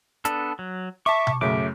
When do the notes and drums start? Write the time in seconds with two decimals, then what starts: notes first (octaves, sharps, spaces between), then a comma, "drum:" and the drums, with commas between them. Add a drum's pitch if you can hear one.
0.25 B3 D4 A4, drum: hi-hat
0.59 F#3
1.06 E5 A5 C#6 D6
1.27 drum: tom B2
1.41 F#2 C#3 A3 E5 D6